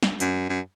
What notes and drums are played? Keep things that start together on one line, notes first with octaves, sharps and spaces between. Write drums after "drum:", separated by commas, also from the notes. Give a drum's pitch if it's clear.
drum: snare
F#2, drum: hi-hat
F#2